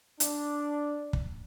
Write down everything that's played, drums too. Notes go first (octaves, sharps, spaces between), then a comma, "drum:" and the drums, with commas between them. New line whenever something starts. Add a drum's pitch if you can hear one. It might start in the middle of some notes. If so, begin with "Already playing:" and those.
D4, drum: hi-hat
drum: kick